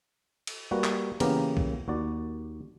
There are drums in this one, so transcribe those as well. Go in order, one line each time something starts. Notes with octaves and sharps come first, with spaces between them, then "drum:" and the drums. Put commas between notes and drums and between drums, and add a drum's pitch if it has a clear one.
drum: cymbal
G3 A#3 F#4 B4
drum: clap
C#3 E3 A#3 B3 G4 A#4, drum: cymbal
drum: kick B1
D#2 F#4 D5